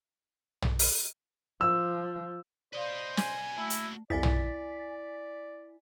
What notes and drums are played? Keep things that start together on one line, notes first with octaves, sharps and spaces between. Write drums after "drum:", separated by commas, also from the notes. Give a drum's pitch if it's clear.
drum: tom
drum: open hi-hat
F3 E6
B4 C5 D5 D#5 F5
G#5, drum: snare
A3 A#3 E4 F#4
drum: hi-hat
C2 F2 E4 D5 G#5 A6 B6
drum: tom